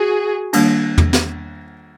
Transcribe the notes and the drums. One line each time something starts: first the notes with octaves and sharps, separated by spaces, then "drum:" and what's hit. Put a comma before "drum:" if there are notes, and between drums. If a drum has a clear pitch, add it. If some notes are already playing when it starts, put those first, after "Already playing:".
Already playing: F#4 G#4
D#3 G3 A#3 D4, drum: cymbal
drum: tom
drum: snare